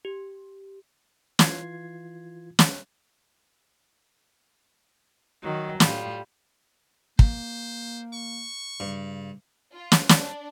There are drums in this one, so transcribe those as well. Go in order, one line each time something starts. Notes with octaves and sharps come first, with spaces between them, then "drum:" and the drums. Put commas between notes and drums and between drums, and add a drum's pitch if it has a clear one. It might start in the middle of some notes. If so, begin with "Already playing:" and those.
G4
E3 F4 G#6 C7, drum: snare
drum: snare
D#3 F#3
A2 G3 F4, drum: snare
A#3 C5, drum: kick
C#6
G2 C#3
F4
drum: snare
D4, drum: snare